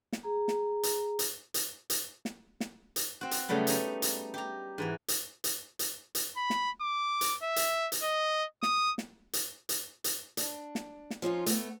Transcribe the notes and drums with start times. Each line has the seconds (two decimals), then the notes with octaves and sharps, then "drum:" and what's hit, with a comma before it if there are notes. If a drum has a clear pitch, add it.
0.13 drum: snare
0.23 G#4 A#5
0.48 drum: snare
0.83 drum: hi-hat
1.19 drum: hi-hat
1.54 drum: hi-hat
1.90 drum: hi-hat
2.25 drum: snare
2.60 drum: snare
2.96 drum: hi-hat
3.21 C4 F#4
3.31 drum: hi-hat
3.49 C#3 F#3 G3 A3 B3
3.67 G3 D#4, drum: hi-hat
4.02 drum: hi-hat
4.34 G4 A#5
4.78 G#2 E3 F#4
5.08 drum: hi-hat
5.44 drum: hi-hat
5.79 drum: hi-hat
6.15 drum: hi-hat
6.37 B5
6.50 drum: snare
6.81 D6
7.21 drum: hi-hat
7.42 E5
7.56 drum: hi-hat
7.92 drum: hi-hat
8.02 D#5
8.63 D#6, drum: snare
8.98 drum: snare
9.33 drum: hi-hat
9.69 drum: hi-hat
10.04 drum: hi-hat
10.37 D4, drum: hi-hat
10.75 drum: snare
11.10 drum: snare
11.22 F3 C#4 D#4 F4
11.46 A3 B3, drum: hi-hat